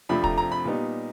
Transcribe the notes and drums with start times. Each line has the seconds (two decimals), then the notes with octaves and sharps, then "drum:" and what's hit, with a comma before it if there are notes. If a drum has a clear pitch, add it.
0.09 F2 C3 F3 A3 D4 B5
0.24 A#5, drum: kick
0.38 A#5
0.52 B5
0.65 A#2 G3 B3 D#4